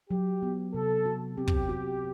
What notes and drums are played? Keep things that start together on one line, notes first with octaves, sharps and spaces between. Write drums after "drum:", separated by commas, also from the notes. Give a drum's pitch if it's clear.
F#3 G4
B3
C3 A4
F#4
C4 G4
drum: kick
F#4